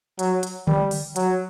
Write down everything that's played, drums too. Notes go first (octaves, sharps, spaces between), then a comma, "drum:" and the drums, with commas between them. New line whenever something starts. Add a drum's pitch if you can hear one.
F#3, drum: hi-hat
drum: hi-hat
G3, drum: tom D3
drum: open hi-hat
F#3, drum: hi-hat